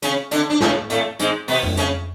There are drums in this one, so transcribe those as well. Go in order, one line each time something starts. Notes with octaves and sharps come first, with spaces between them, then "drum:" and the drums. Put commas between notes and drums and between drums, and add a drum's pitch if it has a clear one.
C#3 C#4, drum: hi-hat
D3 D4, drum: hi-hat
D4
C#3 C#4, drum: snare
A2 A3, drum: hi-hat
G#2 G#3, drum: hi-hat
B2 B3, drum: open hi-hat
drum: tom F2
C#3 C#4, drum: hi-hat